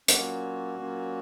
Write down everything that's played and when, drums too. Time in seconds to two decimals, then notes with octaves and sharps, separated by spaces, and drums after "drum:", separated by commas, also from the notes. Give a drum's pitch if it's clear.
0.08 A#2 F#3 A#3 C#4 F#4, drum: hi-hat
0.77 A#2 F#3 A#3 C#4